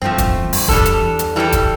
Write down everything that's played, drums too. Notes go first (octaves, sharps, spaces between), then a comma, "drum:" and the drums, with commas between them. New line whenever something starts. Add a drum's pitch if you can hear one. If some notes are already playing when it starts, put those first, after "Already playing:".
G2 F3 A3 C4
F2, drum: kick, hi-hat
E2
G2, drum: open hi-hat
F2 G3 D4 A4, drum: kick
drum: hi-hat
E2
drum: hi-hat
E3 G3 D4 A4
drum: kick, hi-hat